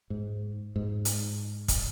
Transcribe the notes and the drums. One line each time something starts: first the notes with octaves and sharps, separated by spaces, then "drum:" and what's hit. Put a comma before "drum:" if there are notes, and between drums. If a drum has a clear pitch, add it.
G#2
G#2
drum: hi-hat
drum: kick, hi-hat